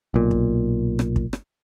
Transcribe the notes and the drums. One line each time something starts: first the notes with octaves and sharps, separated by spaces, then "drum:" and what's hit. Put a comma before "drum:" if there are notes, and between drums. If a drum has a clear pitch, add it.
B1 A#2
drum: kick
drum: rim click
drum: kick
drum: rim click